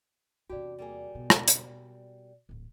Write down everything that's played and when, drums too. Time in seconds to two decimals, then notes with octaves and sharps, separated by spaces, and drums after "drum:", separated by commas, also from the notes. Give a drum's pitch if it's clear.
0.50 E2 C3 D4 F#4 G4 D5
0.79 G3 A#3 G#4
1.15 B2
1.30 drum: rim click
1.48 drum: hi-hat
2.49 D1 A1